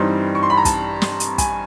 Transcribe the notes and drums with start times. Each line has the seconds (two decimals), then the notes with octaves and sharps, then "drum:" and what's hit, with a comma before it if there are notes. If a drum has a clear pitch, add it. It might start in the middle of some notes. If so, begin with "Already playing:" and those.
Already playing: G2 E3 G3 C4 D#4 C6
0.35 C#6
0.43 C6
0.50 B5
0.57 A#5
0.65 A5, drum: kick, hi-hat
1.02 drum: snare
1.20 drum: hi-hat
1.38 G#5, drum: kick, hi-hat